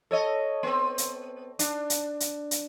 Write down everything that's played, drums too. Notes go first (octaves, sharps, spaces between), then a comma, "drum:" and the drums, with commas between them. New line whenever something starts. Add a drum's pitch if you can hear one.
A4 C#5 D#5
B3 C4
drum: hi-hat
D4, drum: hi-hat
drum: hi-hat
drum: hi-hat
drum: hi-hat